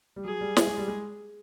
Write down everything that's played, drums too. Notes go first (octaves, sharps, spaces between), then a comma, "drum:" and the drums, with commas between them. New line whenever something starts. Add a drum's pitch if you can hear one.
G3
F#3 G#4
G3
G3, drum: snare
G#3
G3
G#3